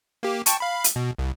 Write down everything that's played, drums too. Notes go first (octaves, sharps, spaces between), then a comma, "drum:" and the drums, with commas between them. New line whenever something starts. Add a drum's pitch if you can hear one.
A#3 G4
G5 A5 C#6, drum: hi-hat
F5 B5
drum: hi-hat
B2
C2